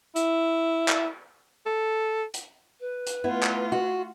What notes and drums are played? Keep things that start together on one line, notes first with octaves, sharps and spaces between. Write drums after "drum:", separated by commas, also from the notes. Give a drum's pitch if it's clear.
E4, drum: hi-hat
drum: clap
A4
drum: hi-hat
B4
drum: hi-hat
A3 B3 E4 F4
drum: clap
F#4